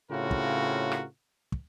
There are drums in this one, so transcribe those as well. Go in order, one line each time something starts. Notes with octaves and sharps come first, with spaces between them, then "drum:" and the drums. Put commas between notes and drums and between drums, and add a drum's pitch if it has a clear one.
A2 C#3 C4 F4 F#4 A#4
drum: kick
drum: rim click
drum: kick